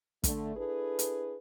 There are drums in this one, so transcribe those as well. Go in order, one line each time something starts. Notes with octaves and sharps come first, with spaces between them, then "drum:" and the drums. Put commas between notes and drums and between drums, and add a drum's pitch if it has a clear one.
D3 A3, drum: kick, hi-hat
D4 E4 G#4 A4 B4
drum: hi-hat